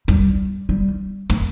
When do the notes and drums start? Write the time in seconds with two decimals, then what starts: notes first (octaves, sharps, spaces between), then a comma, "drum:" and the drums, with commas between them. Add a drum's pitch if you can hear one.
0.08 G3, drum: kick
0.69 G3
1.30 A3, drum: tom